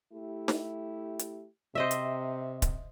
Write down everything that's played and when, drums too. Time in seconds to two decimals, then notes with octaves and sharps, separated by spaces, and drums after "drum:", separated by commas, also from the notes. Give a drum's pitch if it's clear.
0.12 A3 E4 G4
0.48 drum: snare
1.19 drum: hi-hat
1.75 C3 C5 D#5 E5
1.91 drum: hi-hat
2.62 drum: kick D1, hi-hat